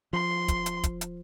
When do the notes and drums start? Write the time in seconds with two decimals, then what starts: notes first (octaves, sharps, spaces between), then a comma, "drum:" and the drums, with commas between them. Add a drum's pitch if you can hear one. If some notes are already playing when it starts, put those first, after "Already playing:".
0.13 F3 C6
0.48 drum: kick, hi-hat
0.66 drum: hi-hat
0.84 drum: kick, hi-hat
1.01 drum: hi-hat